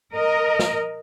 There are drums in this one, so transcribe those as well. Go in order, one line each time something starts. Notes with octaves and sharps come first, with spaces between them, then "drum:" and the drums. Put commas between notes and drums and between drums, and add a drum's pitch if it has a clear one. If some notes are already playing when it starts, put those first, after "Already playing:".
A#4 D#5
drum: snare